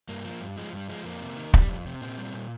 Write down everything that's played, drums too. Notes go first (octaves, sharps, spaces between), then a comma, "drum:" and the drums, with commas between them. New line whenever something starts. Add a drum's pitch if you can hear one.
G2 A#3
F3
G2
F3 G#3
G2 G3
F3 G#3
F2 A#3
C3
D#3
G3, drum: kick
F2
C3
A#2 C4
G3
A#2